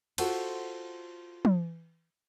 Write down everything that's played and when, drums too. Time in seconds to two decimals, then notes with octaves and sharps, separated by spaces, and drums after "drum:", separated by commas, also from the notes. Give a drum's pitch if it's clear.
0.18 F4 F#4 A4 C5 F#5, drum: cymbal
1.45 drum: tom